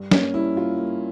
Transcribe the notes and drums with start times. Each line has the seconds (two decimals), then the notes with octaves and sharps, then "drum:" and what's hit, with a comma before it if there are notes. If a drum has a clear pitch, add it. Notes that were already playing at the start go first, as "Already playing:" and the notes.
Already playing: G2
0.11 A#3 C#4, drum: snare
0.34 G2 E4
0.56 A#3 F4
0.78 A#3